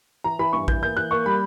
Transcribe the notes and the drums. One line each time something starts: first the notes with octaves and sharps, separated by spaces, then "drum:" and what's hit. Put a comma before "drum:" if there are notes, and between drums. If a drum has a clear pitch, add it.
E3 A#5
E3 B5
G2 C#6
E3 G6, drum: kick A1
A#3 G6
E3 F#6
A#3 C#6
G3 B5